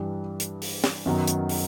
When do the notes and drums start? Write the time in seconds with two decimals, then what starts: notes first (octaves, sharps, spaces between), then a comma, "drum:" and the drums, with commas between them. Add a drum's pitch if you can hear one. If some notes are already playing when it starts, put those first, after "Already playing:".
Already playing: G2 E3 G3
0.40 drum: hi-hat
0.62 drum: open hi-hat
0.84 drum: snare
1.06 F#2 D#3 F#3 B3
1.27 drum: hi-hat
1.49 drum: open hi-hat